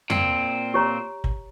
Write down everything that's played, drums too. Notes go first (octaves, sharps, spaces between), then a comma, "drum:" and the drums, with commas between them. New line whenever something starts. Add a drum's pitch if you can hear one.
A#2 C4, drum: tom F2
G4 C#5 A#5
drum: kick